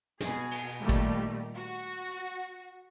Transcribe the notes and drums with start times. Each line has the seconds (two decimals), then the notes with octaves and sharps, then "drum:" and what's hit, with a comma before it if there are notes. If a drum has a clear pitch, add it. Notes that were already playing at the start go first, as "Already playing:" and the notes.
0.21 B2 G#4, drum: snare
0.51 drum: cymbal
0.80 A#2 D#3 G3 A3
0.89 drum: kick G#1
1.54 F#4